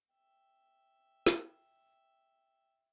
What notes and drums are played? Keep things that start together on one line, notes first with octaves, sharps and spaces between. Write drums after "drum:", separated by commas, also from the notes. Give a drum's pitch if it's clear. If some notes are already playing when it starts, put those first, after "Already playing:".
E5 G5
drum: snare